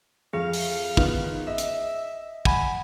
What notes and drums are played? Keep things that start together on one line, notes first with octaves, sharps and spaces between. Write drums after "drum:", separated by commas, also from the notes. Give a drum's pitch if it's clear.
F2 G#4 F5
drum: open hi-hat
D#3 B3 F4, drum: kick
D#5 E5
drum: hi-hat
F#5 G#5 B5, drum: kick